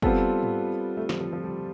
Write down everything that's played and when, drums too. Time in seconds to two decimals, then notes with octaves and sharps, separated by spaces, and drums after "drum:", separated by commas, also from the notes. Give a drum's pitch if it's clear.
0.02 G3 B3 C4 F4 A4, drum: kick
0.43 drum: tom G#2
0.97 A3
1.09 F3, drum: snare
1.21 F3
1.33 F3
1.44 G3